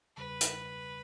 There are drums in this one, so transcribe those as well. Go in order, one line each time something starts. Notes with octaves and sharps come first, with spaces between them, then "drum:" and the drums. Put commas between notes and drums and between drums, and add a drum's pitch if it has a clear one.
E2 C#3 G3 B4
drum: hi-hat